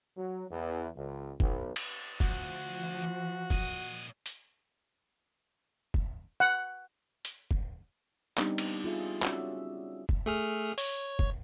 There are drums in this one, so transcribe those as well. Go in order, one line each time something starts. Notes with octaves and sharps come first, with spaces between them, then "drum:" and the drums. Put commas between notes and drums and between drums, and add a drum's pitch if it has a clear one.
F#3
E2
C#2
B1, drum: kick
drum: cymbal
D2 F3 F#4, drum: kick
A#2 D#5, drum: kick
drum: hi-hat
drum: kick
F#5
drum: hi-hat
drum: kick
G3 B3 C4 D4 D#4 G4, drum: clap
drum: cymbal
F4 G#4 E5
C#4 F#4 D5 E5, drum: clap
drum: kick
A3 G#4 F6
C#5, drum: open hi-hat
drum: kick